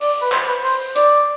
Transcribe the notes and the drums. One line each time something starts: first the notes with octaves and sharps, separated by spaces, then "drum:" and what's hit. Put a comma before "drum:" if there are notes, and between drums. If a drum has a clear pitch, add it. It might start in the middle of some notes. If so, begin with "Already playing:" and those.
D5, drum: open hi-hat
B4
C5, drum: clap
B4
C5, drum: open hi-hat
D5, drum: hi-hat